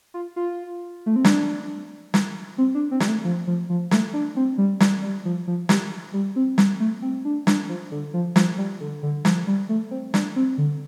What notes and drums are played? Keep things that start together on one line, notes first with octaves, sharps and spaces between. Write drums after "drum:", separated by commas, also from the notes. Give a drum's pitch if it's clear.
F4
F4
A3
C4
D4, drum: snare
drum: snare
C4
D4
C4
G3, drum: snare
A3
F3
F3
F3
A3, drum: snare
D4
C4
G3
G3, drum: snare
G3
F3
F3
G3, drum: snare
G3
C4
G3, drum: snare
A3
C4
D4
D4, drum: snare
F3
D3
F3
F3, drum: snare
G3
D3
D3
F3, drum: snare
G3
A3
C4
D4, drum: snare
C4
D3